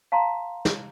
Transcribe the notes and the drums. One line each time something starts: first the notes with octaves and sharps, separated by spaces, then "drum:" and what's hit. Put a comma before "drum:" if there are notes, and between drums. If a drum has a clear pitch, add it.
F5 A5 A#5 C6
drum: snare